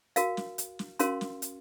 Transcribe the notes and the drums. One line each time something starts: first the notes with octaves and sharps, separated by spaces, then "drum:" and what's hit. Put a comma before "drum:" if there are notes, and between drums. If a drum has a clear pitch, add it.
F#4 A#4 F5, drum: hi-hat
drum: snare
drum: hi-hat
drum: snare
C#4 F#4 A#4 F5 C6, drum: hi-hat
drum: snare
drum: hi-hat